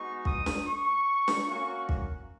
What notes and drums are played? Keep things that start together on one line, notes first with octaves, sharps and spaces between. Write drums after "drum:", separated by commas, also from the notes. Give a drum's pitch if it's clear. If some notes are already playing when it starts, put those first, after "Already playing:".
Already playing: G#3 B3 D#4 F#4 C#6
D#6, drum: kick
drum: snare
C#6
drum: snare
A#3 C#4 F#4 C#6
drum: kick